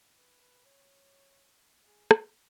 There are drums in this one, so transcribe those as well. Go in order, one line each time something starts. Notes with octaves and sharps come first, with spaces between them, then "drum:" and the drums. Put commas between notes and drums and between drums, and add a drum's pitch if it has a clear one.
B4
B4
C#5
G#4
drum: rim click